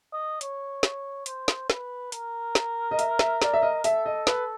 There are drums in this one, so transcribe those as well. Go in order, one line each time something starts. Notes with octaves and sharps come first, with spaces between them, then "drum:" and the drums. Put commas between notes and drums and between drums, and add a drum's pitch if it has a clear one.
D#5
C#5, drum: hi-hat
C#5, drum: snare
C5, drum: hi-hat
drum: snare
B4, drum: snare
A#4, drum: hi-hat
drum: snare
D#5
E5, drum: hi-hat
E5, drum: snare
D5, drum: snare
E5
D#5
A4 E5, drum: hi-hat
D#5
B4, drum: snare